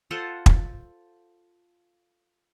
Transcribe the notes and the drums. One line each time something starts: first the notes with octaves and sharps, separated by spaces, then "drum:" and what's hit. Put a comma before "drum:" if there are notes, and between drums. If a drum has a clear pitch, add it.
F4 A4 C5 F#5
drum: kick